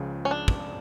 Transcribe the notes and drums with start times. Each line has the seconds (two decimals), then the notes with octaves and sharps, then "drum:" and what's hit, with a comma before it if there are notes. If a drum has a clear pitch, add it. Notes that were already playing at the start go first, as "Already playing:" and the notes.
Already playing: C#2 C#3 F3
0.25 C#4
0.31 D4
0.48 drum: kick